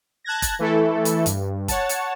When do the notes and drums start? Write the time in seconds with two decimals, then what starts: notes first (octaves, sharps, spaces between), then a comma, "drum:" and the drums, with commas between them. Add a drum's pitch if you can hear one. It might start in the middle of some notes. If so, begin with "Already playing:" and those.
0.24 A5 F#6 G#6 A#6
0.42 drum: kick, hi-hat
0.59 E3 A3 E4 A4
1.05 drum: hi-hat
1.26 G2, drum: hi-hat
1.68 C#5 F#5 A5, drum: kick, hi-hat
1.89 drum: hi-hat